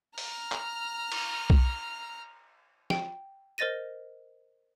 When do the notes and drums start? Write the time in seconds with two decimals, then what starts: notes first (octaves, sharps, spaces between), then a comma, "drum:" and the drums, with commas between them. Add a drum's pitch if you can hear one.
0.18 A#5 F6, drum: open hi-hat
0.52 drum: clap
1.12 drum: cymbal
1.50 drum: kick B1
2.90 G5, drum: snare
3.58 A#4 C5 D#5 A6 A#6 D#7